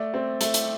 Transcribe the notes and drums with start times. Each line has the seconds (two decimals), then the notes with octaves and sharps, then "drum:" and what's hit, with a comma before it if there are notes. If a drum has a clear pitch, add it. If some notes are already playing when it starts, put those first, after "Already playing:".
Already playing: A3 D5
0.14 C4
0.41 A3, drum: hi-hat
0.54 drum: hi-hat